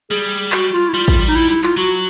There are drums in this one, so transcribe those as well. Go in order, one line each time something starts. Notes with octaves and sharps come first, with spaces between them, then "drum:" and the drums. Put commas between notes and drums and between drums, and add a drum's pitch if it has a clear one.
G3 G#4
F#4, drum: clap
F4
E4
G3 F4
drum: kick A1
D#4
E4
E4
F4, drum: clap
F#3 F#4